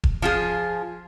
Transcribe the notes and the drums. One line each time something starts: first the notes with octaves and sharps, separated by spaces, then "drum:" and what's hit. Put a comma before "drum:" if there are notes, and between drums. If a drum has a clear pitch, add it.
drum: kick E1
F3 F4 G#4